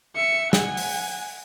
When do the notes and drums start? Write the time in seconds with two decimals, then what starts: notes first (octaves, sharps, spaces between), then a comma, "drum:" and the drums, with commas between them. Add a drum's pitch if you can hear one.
0.16 E5 C#7
0.53 F#5 G#5, drum: snare
0.77 drum: open hi-hat